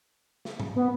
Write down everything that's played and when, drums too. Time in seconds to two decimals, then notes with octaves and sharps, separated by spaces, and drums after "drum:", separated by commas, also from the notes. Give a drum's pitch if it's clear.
0.45 drum: snare
0.60 drum: tom
0.76 B3